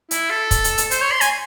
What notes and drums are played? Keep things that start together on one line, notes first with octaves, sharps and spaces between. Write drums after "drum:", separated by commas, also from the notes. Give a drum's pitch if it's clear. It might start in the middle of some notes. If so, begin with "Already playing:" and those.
E4, drum: hi-hat
A4
drum: kick, hi-hat
drum: hi-hat
drum: hi-hat
C5, drum: hi-hat
C#5
C6
G#5, drum: hi-hat